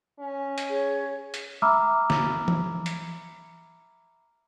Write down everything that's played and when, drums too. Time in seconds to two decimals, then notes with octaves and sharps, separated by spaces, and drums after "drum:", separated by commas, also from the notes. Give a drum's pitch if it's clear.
0.20 C#4
0.58 drum: hi-hat
0.69 G#4 C#5
1.34 drum: hi-hat
1.62 E5 A#5 B5 D6 E6 F6
2.10 drum: snare
2.48 drum: tom E3
2.86 drum: hi-hat